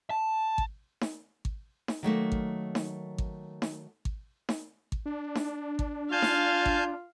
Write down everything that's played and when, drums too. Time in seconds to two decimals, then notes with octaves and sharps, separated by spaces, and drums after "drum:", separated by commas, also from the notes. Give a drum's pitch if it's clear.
0.10 A5
0.58 drum: kick G#1
1.01 drum: snare D#4
1.45 drum: kick G#1
1.88 drum: snare D#4
2.03 D#3 F#3 A3 A#3
2.32 drum: kick G#1
2.75 drum: snare D#4
3.18 drum: kick G#1
3.62 drum: snare D#4
4.05 drum: kick G#1
4.49 drum: snare D#4
4.92 drum: kick G#1
5.06 D4
5.35 drum: snare D#4
5.79 drum: kick G#1
6.12 F4 F5 G#5 A5 G6
6.22 drum: snare D#4
6.66 drum: kick G#1